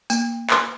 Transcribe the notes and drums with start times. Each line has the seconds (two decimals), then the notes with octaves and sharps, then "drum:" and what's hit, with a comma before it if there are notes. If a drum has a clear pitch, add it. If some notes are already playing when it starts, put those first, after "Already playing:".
0.10 A#3, drum: tambourine
0.50 drum: clap